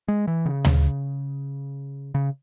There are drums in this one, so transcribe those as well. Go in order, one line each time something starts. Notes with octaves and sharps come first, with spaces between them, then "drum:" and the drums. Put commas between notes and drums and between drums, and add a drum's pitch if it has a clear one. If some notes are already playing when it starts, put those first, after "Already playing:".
G#3
E3
C#3
drum: tom D2
C#3